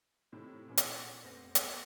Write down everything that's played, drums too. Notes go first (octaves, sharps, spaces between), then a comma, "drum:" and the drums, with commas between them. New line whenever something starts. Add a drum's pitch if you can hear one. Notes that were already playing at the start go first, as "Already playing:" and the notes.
A2 C3 D#3
A#2 E3 C#4
drum: hi-hat
F1 B3 C5 F#5 A#6
D2 B3, drum: hi-hat